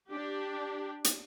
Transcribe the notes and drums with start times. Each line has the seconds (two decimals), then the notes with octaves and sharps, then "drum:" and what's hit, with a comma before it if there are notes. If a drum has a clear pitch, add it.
0.10 D4 G4
1.04 drum: hi-hat